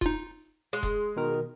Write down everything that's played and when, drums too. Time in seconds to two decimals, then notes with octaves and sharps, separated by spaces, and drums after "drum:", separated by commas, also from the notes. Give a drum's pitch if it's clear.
0.01 D#4 F4, drum: kick E1, hi-hat
0.73 G#3
0.83 drum: kick E1, hi-hat
1.16 B2 D#3 A#4